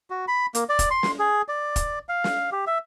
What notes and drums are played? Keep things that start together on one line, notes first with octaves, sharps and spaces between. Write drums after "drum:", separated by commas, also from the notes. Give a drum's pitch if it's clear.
F#4
B5
A#3, drum: hi-hat
D5
drum: kick, hi-hat
C6
drum: snare
G#4
D5
drum: kick, hi-hat
F5
drum: snare
G4
E5